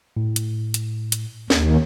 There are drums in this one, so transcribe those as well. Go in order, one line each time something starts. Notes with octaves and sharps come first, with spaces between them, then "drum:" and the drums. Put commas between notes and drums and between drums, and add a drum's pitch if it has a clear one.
A2
drum: hi-hat
drum: hi-hat
drum: hi-hat
D#2, drum: snare